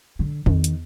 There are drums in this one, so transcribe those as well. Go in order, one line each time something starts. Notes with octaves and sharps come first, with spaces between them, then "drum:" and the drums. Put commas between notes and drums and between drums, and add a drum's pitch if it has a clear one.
D3
D#3, drum: tom E2
drum: hi-hat